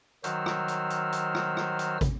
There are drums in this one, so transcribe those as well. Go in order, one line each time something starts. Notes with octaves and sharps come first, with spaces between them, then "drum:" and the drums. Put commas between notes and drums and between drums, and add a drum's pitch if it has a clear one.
D#3 F#3 F#4 C5 E6 F6, drum: hi-hat
drum: rim click
drum: hi-hat
drum: hi-hat
drum: hi-hat
drum: rim click
drum: rim click
drum: hi-hat
drum: kick, hi-hat